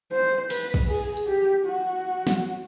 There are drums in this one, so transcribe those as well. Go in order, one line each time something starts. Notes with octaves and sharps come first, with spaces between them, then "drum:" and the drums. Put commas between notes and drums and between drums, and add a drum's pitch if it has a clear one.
C5
B4, drum: cymbal
drum: kick
G#4
drum: hi-hat
G4
F#4
drum: snare